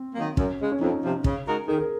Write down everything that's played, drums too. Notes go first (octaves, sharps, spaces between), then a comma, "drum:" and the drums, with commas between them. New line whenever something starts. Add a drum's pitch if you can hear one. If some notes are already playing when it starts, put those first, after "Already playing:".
Already playing: C4
D#3 F#3 A#3
F#2 C#4, drum: kick
C#3 G#3
C#4
F2 D#4
C3 F3
C#3, drum: kick
G#3 D#4 F#4 A#4
D#3 G#4
A#4